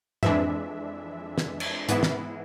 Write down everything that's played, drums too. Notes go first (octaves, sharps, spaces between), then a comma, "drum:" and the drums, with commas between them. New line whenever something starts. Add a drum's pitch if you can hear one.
F2 E3 G#3 D4 E5, drum: tom
drum: snare
drum: cymbal
G#2 E3 B3 E4, drum: hi-hat
drum: snare